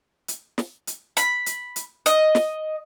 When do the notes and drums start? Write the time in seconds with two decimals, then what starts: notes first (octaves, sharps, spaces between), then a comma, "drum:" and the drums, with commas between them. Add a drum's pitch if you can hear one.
0.28 drum: hi-hat
0.58 drum: snare
0.87 drum: hi-hat
1.17 B5, drum: hi-hat
1.46 drum: hi-hat
1.76 drum: hi-hat
2.06 D#5, drum: hi-hat
2.35 drum: snare